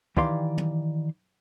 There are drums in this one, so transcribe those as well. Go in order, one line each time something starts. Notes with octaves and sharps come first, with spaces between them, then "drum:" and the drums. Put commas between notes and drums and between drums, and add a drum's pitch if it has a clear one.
D#3 E3 G4 D5 F5 C6, drum: kick
drum: tom